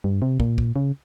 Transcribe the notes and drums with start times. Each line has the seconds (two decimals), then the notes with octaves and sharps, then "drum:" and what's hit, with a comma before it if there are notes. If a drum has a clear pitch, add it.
0.04 G2
0.22 C3
0.40 A#2, drum: kick
0.58 drum: kick
0.76 C#3